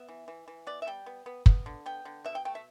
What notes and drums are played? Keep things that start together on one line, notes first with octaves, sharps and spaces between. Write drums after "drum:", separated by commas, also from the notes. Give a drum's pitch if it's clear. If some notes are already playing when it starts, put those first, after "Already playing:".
Already playing: B3 E5
E3
E3
E3
B3 D5
E5
G3 G5
B3
B3
B3, drum: kick
D3
B3 G5
D3
B2 E5
G5
A3 G5
E5